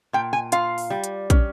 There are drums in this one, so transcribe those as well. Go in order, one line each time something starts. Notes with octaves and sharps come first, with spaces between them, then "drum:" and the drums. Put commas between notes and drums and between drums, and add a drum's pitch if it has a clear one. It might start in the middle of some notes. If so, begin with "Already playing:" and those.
A#2 G5
G#5
F4 F5, drum: hi-hat
drum: open hi-hat
G3
drum: hi-hat
C#4, drum: kick, hi-hat